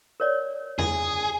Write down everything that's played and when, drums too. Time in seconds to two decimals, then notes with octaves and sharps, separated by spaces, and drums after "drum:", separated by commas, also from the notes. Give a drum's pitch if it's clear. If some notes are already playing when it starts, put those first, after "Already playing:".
0.20 A#4 C#5 D5
0.79 G#4, drum: tom E2